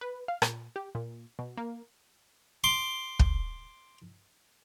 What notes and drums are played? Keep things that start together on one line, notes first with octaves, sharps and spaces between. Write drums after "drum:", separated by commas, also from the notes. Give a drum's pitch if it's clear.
B4
F5
A#2, drum: rim click
G4
A#2
B2
A#3
C6 D6
drum: kick